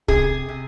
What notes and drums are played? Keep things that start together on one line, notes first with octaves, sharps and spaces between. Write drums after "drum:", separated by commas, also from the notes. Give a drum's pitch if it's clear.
C3 G#4, drum: kick
C3